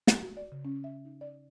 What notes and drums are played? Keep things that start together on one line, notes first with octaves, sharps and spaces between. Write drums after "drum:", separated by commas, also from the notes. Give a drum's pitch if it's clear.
A6, drum: snare
F#4
D5
C#3
C#4
E5
D#4
D5